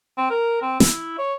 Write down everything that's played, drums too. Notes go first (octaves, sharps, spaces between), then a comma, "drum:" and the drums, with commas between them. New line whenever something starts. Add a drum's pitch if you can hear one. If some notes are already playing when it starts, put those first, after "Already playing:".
C4
A#4
C4
E4, drum: snare
C#5